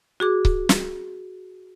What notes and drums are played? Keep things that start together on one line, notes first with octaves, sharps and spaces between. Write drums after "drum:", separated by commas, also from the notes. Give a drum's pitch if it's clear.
F#4 G#4 D6
drum: kick C#1
drum: snare